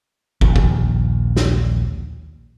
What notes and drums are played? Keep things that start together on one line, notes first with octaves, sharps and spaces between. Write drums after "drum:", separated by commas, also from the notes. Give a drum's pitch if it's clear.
A#1 D#2 A#2 C#3, drum: kick
drum: kick
drum: snare